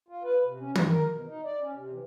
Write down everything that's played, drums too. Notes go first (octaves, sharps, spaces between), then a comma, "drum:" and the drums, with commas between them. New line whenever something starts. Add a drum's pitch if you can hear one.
F4
B4
C3
C#4
G2, drum: tom
A#4
B2
D#4
D5
C#4
C3
E3